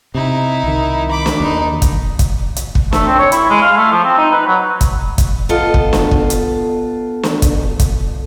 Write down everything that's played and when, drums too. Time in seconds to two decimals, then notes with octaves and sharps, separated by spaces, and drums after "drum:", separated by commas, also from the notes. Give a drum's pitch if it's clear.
0.15 C3 D#4 E4
0.64 C2 D#3
1.11 B5 D6
1.26 drum: snare
1.40 D#2 D4 D#4
1.82 drum: kick, hi-hat
2.19 drum: kick, hi-hat
2.56 drum: hi-hat
2.75 drum: kick
2.93 A3, drum: snare
3.06 C4
3.19 C#5
3.32 E4, drum: hi-hat
3.50 G#3
3.62 F5
3.77 A3
3.91 F3
4.04 C4
4.18 D#4
4.32 B4
4.47 F#3
4.81 drum: kick, hi-hat
5.18 drum: kick, hi-hat
5.49 B3 F4 A4 D#5
5.74 drum: kick
5.93 drum: snare
6.11 drum: kick
6.30 drum: hi-hat
7.23 drum: snare
7.42 drum: kick, hi-hat
7.79 drum: kick, hi-hat